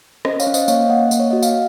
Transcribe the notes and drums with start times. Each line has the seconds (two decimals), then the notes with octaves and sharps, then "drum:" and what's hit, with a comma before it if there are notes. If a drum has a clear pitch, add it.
0.25 C#4 C5 D#5, drum: rim click
0.40 C#5 F5, drum: tambourine
0.47 C#4
0.54 C5 D#5, drum: tambourine
0.68 A#3 C#5 F5, drum: tambourine
0.89 A#3 D#5 F#5
1.11 A#3, drum: tambourine
1.20 C#5
1.31 F#4 D#5
1.43 F5, drum: tambourine